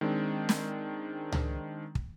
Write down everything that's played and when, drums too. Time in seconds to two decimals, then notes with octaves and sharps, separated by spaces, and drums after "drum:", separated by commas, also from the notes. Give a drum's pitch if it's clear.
0.01 D#3 G#3 C4 D4
0.49 drum: snare
1.32 drum: tom C#2
1.95 drum: kick